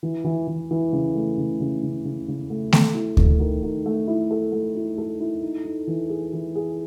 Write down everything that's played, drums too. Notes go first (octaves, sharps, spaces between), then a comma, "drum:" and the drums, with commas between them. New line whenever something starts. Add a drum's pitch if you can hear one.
E3
E3
E3
E3
C#3
A3
C#3
C#3
C#3
C#3
C#3
A3
A4, drum: snare A3
E4
A3, drum: kick D2
D#3
D#3
A3
E4
A4
A3
E4
A4
E4
D#4
D#4
E3
G#4
E3
G#4